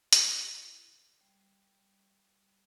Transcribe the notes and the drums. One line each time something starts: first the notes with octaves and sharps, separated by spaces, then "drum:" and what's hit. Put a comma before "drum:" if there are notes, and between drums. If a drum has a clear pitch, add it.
E4, drum: hi-hat
G3